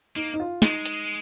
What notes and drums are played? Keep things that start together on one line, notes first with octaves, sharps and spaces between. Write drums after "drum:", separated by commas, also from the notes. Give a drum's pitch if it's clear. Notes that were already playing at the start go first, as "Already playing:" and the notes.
A#3 D#4
D#4
F4
G#3 D#4, drum: snare
drum: hi-hat